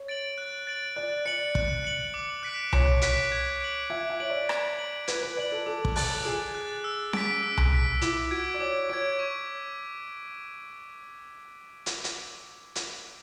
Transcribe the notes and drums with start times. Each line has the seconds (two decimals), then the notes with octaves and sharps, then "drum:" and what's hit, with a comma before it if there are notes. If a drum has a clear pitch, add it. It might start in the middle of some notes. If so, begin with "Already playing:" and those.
Already playing: C#5
0.08 A6 D7 F#7
0.38 F#6
0.67 A6 D7 F#7
0.96 D5 F#6
1.26 D5 C#7 F#7
1.55 F#6, drum: kick
1.84 C#7 F#7
2.14 D6
2.43 F#6 B6 D7
2.73 C#5 D6, drum: tom C2
3.01 F#6 B6 D7, drum: hi-hat
3.32 G#6
3.61 D7 F#7
3.90 E5 G#6
4.10 E5
4.20 C#5 D7 F#7
4.30 D5
4.49 G#6, drum: rim click
4.79 D7 F#7
5.08 B4 G#6, drum: hi-hat
5.23 B4
5.37 D5 D7 F#7
5.51 A4
5.66 A4 D6
5.85 drum: kick
5.96 F#6 A6, drum: open hi-hat
6.25 G#4 D6
6.55 F#6 A6
6.84 E6
7.13 B6 D7, drum: snare C#4
7.43 E6
7.57 drum: tom C2
7.72 B6 D7
8.01 E4 D6, drum: hi-hat
8.31 F#4 G#6 D7
8.54 D5
8.60 C#5 D6
8.89 C#5 G#6 D7
9.19 C#6
11.86 drum: hi-hat
12.04 drum: hi-hat
12.75 drum: hi-hat